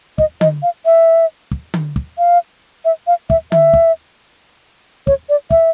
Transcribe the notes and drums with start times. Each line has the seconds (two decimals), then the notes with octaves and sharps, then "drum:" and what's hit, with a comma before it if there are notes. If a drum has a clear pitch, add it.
0.18 D#5, drum: kick
0.41 D#5, drum: tom D3
0.63 F5
0.85 E5
1.51 drum: kick
1.74 drum: tom D3
1.96 drum: kick
2.18 F5
2.85 E5
3.07 F5
3.30 E5, drum: kick
3.52 E5, drum: tom D3
3.74 drum: kick
5.07 C#5, drum: kick
5.29 D5
5.51 E5, drum: kick